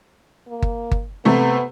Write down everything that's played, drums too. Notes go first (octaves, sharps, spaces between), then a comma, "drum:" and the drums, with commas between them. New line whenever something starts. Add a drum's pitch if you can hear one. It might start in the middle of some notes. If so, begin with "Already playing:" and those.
A#3
drum: kick G1
drum: kick G1
C3 A3 B3